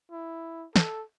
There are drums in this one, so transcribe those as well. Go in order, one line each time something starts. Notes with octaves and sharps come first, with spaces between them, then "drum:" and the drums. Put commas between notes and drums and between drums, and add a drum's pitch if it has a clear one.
E4
A4, drum: snare